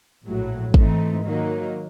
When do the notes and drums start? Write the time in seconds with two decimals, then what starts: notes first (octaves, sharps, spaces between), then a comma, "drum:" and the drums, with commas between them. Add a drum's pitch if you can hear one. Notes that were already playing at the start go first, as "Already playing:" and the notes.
0.25 A#1 A2 F#3
0.74 G#2 E3 A3 C4 D#4, drum: kick
1.24 D#3 F#3 A#3 D#4